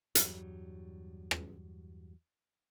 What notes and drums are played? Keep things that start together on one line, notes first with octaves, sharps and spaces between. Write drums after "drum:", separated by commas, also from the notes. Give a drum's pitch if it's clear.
E2 G2 F#3 G3, drum: hi-hat
drum: rim click